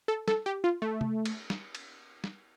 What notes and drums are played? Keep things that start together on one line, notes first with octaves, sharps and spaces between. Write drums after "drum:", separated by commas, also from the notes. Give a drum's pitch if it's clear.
A4
A4, drum: snare
G4
F4
A3
drum: tom
drum: cymbal
drum: snare
drum: cymbal
drum: snare